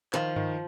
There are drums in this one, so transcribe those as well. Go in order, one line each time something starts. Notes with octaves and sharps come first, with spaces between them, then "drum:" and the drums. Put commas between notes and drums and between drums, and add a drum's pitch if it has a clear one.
D#3 F3, drum: clap
D#3, drum: tom G2